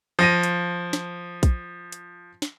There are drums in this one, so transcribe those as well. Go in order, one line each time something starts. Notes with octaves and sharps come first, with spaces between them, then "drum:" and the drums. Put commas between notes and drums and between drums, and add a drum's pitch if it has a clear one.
F3 A#6 D#7
drum: hi-hat
drum: snare
drum: kick A#1, hi-hat
drum: hi-hat
drum: snare